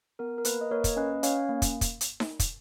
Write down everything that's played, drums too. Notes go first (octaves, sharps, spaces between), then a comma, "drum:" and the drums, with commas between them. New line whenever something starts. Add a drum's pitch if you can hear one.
B3 A#4
A#4
A#3 B4, drum: hi-hat
D#5
A#3 A#4 C#5
drum: kick, hi-hat
C#4 B4 D#5
C#4 C#5 F5, drum: hi-hat
A#3
drum: kick, hi-hat
drum: kick, hi-hat
drum: hi-hat
drum: snare D#4
drum: kick, hi-hat